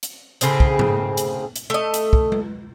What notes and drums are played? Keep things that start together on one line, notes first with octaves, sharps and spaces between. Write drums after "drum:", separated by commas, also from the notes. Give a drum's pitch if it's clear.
drum: hi-hat
A2 C#3 C4 G#4, drum: hi-hat
drum: kick
drum: tom G#2
drum: hi-hat
drum: hi-hat
A3 D#5
drum: hi-hat
drum: kick
drum: tom G#3